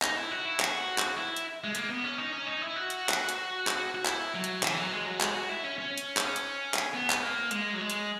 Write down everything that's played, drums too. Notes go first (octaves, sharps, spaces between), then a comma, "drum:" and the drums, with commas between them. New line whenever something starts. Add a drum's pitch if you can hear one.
D#4, drum: clap
E4
F#4
E4
F#4, drum: clap
drum: clap
E4
drum: hi-hat
G#3
A#3, drum: hi-hat
B3
C#4
D#4
C#4
D#4
E4
F#4
drum: hi-hat
drum: clap
drum: hi-hat
drum: clap
F#4
E4, drum: clap
F#3
drum: hi-hat
E3, drum: clap
F#3
G#3
F#3
G#3, drum: clap
F#4
E4
C#4
C#4
drum: hi-hat
drum: clap
drum: hi-hat
drum: clap
B3
B3, drum: clap
A#3
G#3, drum: hi-hat
F#3
G#3
drum: hi-hat